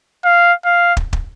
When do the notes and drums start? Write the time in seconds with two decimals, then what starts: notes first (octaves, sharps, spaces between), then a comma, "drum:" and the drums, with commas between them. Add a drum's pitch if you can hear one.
0.25 F5
0.65 F5
0.97 drum: kick
1.13 drum: kick